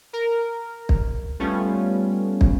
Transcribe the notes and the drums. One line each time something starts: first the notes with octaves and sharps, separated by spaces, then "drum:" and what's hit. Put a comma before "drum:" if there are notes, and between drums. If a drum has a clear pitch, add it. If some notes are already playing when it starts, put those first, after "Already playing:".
A#4
drum: kick
G3 A3 B3 C#4 F4
drum: kick